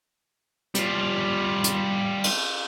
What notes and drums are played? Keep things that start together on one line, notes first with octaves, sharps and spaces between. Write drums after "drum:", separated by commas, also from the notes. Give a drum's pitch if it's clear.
G3 F4, drum: hi-hat
drum: hi-hat
drum: cymbal